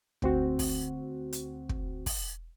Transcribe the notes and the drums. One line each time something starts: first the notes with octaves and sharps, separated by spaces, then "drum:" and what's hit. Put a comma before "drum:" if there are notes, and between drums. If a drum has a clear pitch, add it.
D2 C4 F#4, drum: kick
drum: kick, open hi-hat
drum: hi-hat
drum: kick
drum: kick, open hi-hat